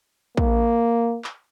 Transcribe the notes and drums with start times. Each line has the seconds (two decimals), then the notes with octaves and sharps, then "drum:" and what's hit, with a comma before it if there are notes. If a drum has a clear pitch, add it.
0.37 A#3, drum: kick
1.24 drum: clap